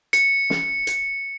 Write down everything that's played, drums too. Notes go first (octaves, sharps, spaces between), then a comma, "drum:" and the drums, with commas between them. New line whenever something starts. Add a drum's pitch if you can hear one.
C#7, drum: hi-hat
drum: snare
drum: hi-hat